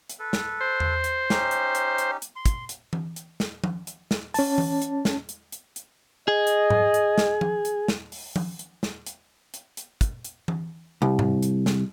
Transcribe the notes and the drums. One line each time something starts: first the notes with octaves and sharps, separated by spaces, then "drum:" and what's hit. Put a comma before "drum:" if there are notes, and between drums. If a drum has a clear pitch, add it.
drum: hi-hat
A4 B4
drum: snare
C5
drum: tom E2
drum: hi-hat
C#4 D#4 G4, drum: snare
drum: hi-hat
drum: hi-hat
drum: hi-hat
drum: hi-hat
C6
drum: kick, hi-hat
drum: hi-hat
drum: tom E3
drum: hi-hat
drum: snare
drum: tom F3
drum: hi-hat
drum: snare
C#4 A5, drum: open hi-hat
drum: tom E3
drum: hi-hat
drum: snare
drum: hi-hat
drum: hi-hat
drum: hi-hat
G#4 D#5
drum: hi-hat
drum: tom G#2
drum: hi-hat
drum: snare
drum: tom F3
drum: hi-hat
drum: snare
drum: open hi-hat
drum: tom F3
drum: hi-hat
drum: snare
drum: hi-hat
drum: hi-hat
drum: hi-hat
drum: kick, hi-hat
drum: hi-hat
drum: tom E3
C2
drum: tom G#2
drum: hi-hat
drum: snare